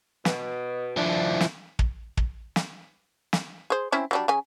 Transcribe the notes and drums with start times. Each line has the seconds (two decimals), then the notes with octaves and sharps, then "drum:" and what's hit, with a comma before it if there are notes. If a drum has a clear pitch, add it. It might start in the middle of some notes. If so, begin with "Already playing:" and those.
0.25 B2, drum: snare
0.97 F3 D4 E4
1.41 drum: snare
1.79 drum: kick
2.17 drum: kick
2.56 drum: snare
3.33 drum: snare
3.70 G#4 C5
3.92 C4 C#4 E4
4.11 F#3 G3 D4
4.28 C#3 G#5